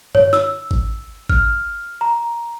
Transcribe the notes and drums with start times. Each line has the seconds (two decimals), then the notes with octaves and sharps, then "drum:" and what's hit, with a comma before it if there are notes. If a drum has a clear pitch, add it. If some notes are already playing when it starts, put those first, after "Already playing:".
0.15 C#5, drum: tom G2
0.33 E6, drum: snare
0.71 drum: kick G#1
1.30 F6, drum: kick G#1
2.01 A#5